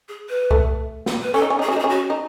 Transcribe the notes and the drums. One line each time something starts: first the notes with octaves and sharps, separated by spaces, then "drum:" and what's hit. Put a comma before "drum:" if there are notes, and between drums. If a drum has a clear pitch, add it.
G#4
B4
A3, drum: kick C2
drum: snare
B4
C#4 A4
D#4
C#4
D#4 G#4
C#4
F#4
D#4 G#4
C#4
F#4
D#4